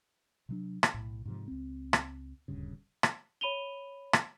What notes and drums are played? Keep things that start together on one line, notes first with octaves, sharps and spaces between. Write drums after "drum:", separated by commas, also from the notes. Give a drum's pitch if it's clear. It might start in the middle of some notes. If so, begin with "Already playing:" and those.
C3 F#3 D4
drum: rim click
B1 A2
G#2 C3 F3
C#2 C4
drum: rim click
D#1 D2 G2 C#3
drum: rim click
C#5 B5 D#7 F7 G7
drum: rim click